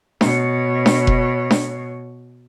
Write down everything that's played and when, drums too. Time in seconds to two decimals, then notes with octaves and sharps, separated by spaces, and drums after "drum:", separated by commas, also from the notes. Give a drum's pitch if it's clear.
0.21 B2 C#5, drum: snare D4
0.86 drum: snare D4
1.07 drum: kick F1
1.51 drum: snare D4